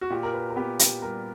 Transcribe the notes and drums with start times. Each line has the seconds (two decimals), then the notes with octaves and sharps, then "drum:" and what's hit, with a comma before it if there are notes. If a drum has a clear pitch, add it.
0.01 F#4
0.10 A#2 G4
0.23 A#4
0.34 B4
0.50 A#4
0.56 B3 G4
0.79 G4, drum: hi-hat
1.02 G3 A#4